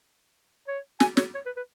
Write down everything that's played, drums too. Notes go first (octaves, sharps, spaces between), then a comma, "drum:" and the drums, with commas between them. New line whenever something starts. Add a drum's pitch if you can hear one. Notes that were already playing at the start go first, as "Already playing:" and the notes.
C#5
G#5, drum: snare
C#5, drum: snare
C#5
B4
B4